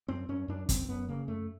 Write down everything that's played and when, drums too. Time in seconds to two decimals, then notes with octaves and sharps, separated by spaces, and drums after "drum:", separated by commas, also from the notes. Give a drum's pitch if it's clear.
0.08 F#2 C4
0.29 F#2 C#4
0.48 F#2 D4
0.69 F#2 C4, drum: kick, hi-hat
0.88 F#2 B3
1.09 C#3 A#3
1.28 F#2 A3